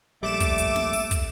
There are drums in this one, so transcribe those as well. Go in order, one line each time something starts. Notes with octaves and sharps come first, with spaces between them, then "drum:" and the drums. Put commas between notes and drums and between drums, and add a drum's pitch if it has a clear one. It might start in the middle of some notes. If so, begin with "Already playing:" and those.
A#1 G3 A3 D6 E7
drum: kick, hi-hat
drum: hi-hat
drum: snare
drum: open hi-hat
drum: kick, hi-hat